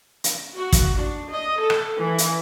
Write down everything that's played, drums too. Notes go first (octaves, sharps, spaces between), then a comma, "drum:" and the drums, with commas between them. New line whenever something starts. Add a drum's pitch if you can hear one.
drum: hi-hat
F#4
drum: kick, hi-hat
D4
D#5
A4
drum: rim click
E3
drum: hi-hat